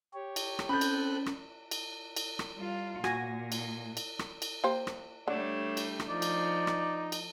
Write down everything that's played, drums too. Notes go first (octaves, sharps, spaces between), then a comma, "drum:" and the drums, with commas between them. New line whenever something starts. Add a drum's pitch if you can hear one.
G4 C#5
drum: cymbal
drum: rim click
C4 C#4 A4 B5 F#6 G6 A6
drum: cymbal
drum: rim click
drum: cymbal
drum: cymbal
drum: rim click
G3 F4
A#2 F#4 G#5 A#6, drum: rim click
drum: cymbal
drum: cymbal
drum: rim click
drum: cymbal
A#3 G4 C5
drum: rim click
D3 G3 A3 D4 C#5
drum: cymbal
drum: rim click
F3 D#4 D5
drum: cymbal
drum: rim click
drum: cymbal